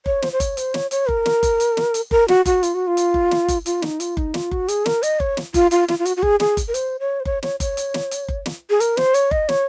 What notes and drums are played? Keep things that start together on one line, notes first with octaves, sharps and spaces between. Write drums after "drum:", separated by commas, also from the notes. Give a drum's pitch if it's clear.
C#5, drum: kick F#1
C5, drum: snare
C5
C#5, drum: kick F#1, hi-hat
C5, drum: hi-hat
C#5, drum: snare
C#5, drum: hi-hat
A#4, drum: kick F#1
drum: snare
drum: kick F#1, hi-hat
drum: hi-hat
drum: snare
drum: hi-hat
A#4, drum: kick F#1
F#4, drum: snare
F#4, drum: kick F#1, hi-hat
F4, drum: hi-hat
F#4
F4
drum: hi-hat
drum: kick F#1
drum: snare
drum: kick F#1, hi-hat
F4, drum: hi-hat
D#4, drum: snare
F4, drum: hi-hat
D#4, drum: kick F#1
F4, drum: snare
F#4, drum: kick F#1
G#4, drum: hi-hat
A#4, drum: snare
D#5, drum: hi-hat
C#5, drum: kick F#1
drum: snare
F4, drum: kick F#1, hi-hat
F4, drum: hi-hat
F4, drum: snare
F4
F#4, drum: hi-hat
F#4
G#4, drum: kick F#1
G#4, drum: snare
drum: kick F#1, hi-hat
A#4
C5, drum: hi-hat
C#5
C5
C#5, drum: kick F#1
C#5, drum: snare
C#5, drum: kick F#1, hi-hat
drum: hi-hat
drum: snare
drum: hi-hat
drum: kick F#1
drum: snare
G#4
A#4, drum: hi-hat
C5, drum: snare
C#5, drum: hi-hat
D#5, drum: kick F#1
C#5, drum: snare